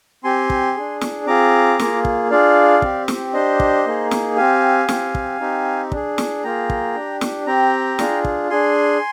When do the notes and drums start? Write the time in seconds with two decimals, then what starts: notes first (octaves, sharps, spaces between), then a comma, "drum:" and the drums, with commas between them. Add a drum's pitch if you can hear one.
0.24 C4 G4 G#5 C6
0.50 drum: kick
0.76 D4 G#4
1.01 drum: snare
1.27 C4 F4 G#4 A#5 D6
1.79 A#3 F4 G#4, drum: snare
2.05 drum: kick
2.30 D4 F4 G#4 D5 F5
2.82 C4 G4, drum: kick
3.08 drum: snare
3.33 D4 G4 C5 D#5
3.60 drum: kick
3.86 A#3 D#4 G#4
4.11 drum: snare
4.37 C4 G4 F5 G#5
4.89 C4 G4, drum: snare
5.15 drum: kick
5.40 C4 D#4 G4
5.92 D4 G#4, drum: kick
6.18 drum: snare
6.44 A#3 F4 G#4 G5 A#5
6.70 drum: kick
6.95 D4 G4
7.21 drum: snare
7.46 C4 G4 G5 A#5
7.99 D4 F4 G#4, drum: snare
8.25 drum: kick
8.50 D4 G#4 G#5 C6